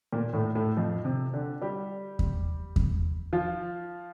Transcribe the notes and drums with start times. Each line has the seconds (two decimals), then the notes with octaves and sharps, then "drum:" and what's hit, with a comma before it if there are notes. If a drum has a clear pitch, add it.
0.13 A#2 A#3
0.33 A2 A3
0.55 A2 A3
0.77 F2 F3
1.05 C3 C4
1.34 D3 D4
1.61 G3 G4
2.19 drum: kick E2
2.76 drum: kick E2
3.33 F3 F4